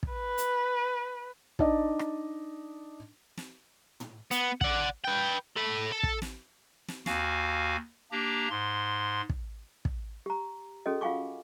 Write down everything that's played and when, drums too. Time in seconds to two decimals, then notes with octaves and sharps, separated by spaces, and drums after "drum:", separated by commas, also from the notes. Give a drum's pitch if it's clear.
0.03 drum: kick
0.14 B4
0.38 drum: hi-hat
1.59 D4 D#4 D5 D#5, drum: kick
1.99 drum: rim click
3.37 drum: snare
4.00 drum: tom
4.31 B3, drum: hi-hat
4.61 D5 F#5, drum: kick
5.05 B4 G5
5.57 A4 B5
5.92 A4
6.03 drum: kick
6.22 drum: snare
6.88 drum: snare
7.06 D#2 F#4 F5 G#5, drum: snare
8.12 A#3 D4 G4 A#5
8.50 G#2 C6
9.29 drum: kick
9.85 drum: kick
10.26 G4 A#5
10.86 C#4 F#4 G#4 A4 D#5
11.01 F4 F5 F#5 G#5 C#6 D6